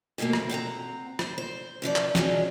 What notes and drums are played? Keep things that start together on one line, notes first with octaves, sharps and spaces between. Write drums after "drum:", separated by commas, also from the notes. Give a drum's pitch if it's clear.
F2 G#2 B2 A3 A#3
drum: rim click
C4 F#5 G5 A#5
C5, drum: rim click
C5
F#2 E3 F3 D5
drum: clap
D#3 F3 F#3 G#3 C#4 D4, drum: snare